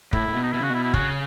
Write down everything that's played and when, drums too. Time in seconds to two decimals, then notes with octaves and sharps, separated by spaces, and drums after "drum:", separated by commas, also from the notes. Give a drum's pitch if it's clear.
0.13 A2 E4, drum: kick
0.28 A2
0.33 B2
0.43 D#4
0.53 B2 E4
0.61 C#3 F#4
0.70 B2 E4
0.84 E4
0.94 C#3 F#4, drum: kick